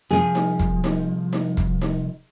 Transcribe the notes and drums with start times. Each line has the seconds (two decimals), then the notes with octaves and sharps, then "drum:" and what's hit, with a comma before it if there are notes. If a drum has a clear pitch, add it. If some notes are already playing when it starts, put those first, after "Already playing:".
0.11 C2 F3 G#4
0.35 drum: snare D#4
0.59 drum: kick
0.84 drum: snare D#4
1.33 drum: snare D#4
1.57 drum: kick
1.82 drum: snare D#4